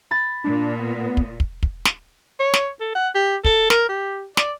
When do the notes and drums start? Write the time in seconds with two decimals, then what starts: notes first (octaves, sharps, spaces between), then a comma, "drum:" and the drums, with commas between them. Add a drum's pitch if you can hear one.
0.11 B5 A6
0.44 A#2 D4
0.79 B3
1.17 drum: kick
1.40 drum: kick
1.63 drum: kick
1.85 drum: snare
2.40 C#5
2.54 drum: snare
2.80 A4
2.95 F#5
3.15 G4
3.45 A4, drum: kick
3.70 A#4, drum: snare
3.89 G4
4.37 D5, drum: snare